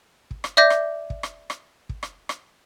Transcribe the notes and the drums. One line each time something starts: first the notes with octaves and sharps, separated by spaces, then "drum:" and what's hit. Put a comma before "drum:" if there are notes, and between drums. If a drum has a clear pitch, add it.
drum: kick
drum: rim click
D5 E5 D6 G6 A#6
drum: rim click
drum: kick
drum: rim click
drum: rim click
drum: kick
drum: rim click
drum: rim click